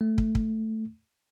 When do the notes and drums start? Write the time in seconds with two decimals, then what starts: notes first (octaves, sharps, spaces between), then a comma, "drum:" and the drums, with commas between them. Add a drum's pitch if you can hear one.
0.01 A3
0.18 drum: kick
0.35 drum: kick